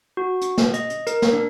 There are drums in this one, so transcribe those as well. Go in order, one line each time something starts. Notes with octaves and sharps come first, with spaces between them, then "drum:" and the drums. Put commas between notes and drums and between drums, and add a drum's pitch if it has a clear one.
F#4
drum: hi-hat
drum: snare
D#5, drum: hi-hat
drum: hi-hat
A#4, drum: hi-hat
drum: snare
D4